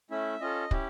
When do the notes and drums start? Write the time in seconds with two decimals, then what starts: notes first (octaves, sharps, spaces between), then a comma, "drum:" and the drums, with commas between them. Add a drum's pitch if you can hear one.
0.11 A3 C#4 E4 E5
0.41 C#4 F4 A4 D#5
0.71 C#4 E4 G4, drum: kick